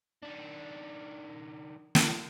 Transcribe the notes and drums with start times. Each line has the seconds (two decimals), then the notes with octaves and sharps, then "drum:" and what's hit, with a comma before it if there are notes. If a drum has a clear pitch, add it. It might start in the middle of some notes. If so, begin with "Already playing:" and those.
0.23 D#3 D4
1.95 drum: snare